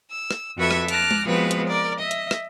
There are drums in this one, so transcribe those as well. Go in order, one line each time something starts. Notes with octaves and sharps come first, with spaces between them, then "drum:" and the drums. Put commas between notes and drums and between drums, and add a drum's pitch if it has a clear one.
E6
drum: rim click
F2 F#4 A4 B4 E5 G#6
drum: rim click
A5 D6 F6 F#6 A#6, drum: hi-hat
drum: tom G#3
F3 G#3 B3 C4 F#4 B4
drum: hi-hat
A#4 D5
D#5 E5
drum: hi-hat
drum: rim click